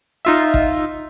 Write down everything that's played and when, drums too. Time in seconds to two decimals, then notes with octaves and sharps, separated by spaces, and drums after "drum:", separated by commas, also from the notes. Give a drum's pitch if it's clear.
0.25 D#4 F4 E5
0.54 drum: kick G#1